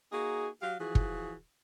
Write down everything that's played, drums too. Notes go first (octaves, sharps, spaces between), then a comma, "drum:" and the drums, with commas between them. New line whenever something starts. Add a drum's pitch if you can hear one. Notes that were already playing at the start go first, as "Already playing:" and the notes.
A#3 D#4 F#4 G#4
F#3 G4 F5
E3 F3 F#4 G#4
drum: kick